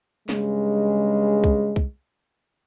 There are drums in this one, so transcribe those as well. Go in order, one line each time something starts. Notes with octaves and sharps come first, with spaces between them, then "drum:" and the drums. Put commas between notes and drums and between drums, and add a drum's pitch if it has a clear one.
G2 C#3 G#3, drum: snare
drum: kick C2
drum: kick C2